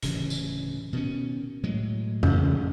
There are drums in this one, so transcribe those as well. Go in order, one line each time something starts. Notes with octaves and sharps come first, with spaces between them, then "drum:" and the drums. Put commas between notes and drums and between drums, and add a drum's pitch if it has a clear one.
D1 C#3 E3, drum: hi-hat
drum: tambourine
B2 D#3 C#4
A2 F#3 G#3
A1 E2 C#3, drum: tom F2